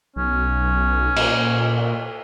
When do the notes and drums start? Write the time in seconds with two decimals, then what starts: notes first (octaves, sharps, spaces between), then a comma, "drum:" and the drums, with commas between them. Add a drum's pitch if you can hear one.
0.16 B1 C#4
1.16 A#2, drum: cymbal